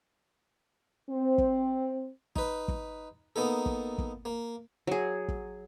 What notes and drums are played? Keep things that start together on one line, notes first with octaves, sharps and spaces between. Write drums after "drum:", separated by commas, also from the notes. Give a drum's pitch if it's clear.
C4
drum: kick
D#4 B4, drum: kick
drum: kick
A#3 B3 D#4 A4
drum: kick
drum: kick
A#3
F#3 G#4
drum: kick